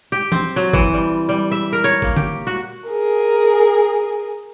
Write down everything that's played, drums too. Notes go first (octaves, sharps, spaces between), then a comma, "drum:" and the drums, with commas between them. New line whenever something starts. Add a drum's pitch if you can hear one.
G4
C4, drum: tom E3
F#3
E3, drum: kick G1
G3
G3
E5
A#4
C#5, drum: hi-hat
A#3, drum: kick G1
G4, drum: tom D3
F#4
G#4 A#4